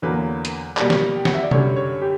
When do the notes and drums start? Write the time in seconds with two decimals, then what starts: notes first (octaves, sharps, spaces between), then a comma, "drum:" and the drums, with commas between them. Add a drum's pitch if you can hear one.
0.02 E2 D3 F#3 A#3 B4
0.45 drum: hi-hat
0.77 B2 G3 A#3, drum: clap
0.90 drum: snare
1.17 G5
1.25 F#5, drum: snare
1.34 E5
1.43 D5
1.51 F#2 D3 G3 C#5, drum: tom C3
1.76 C#5
2.02 G4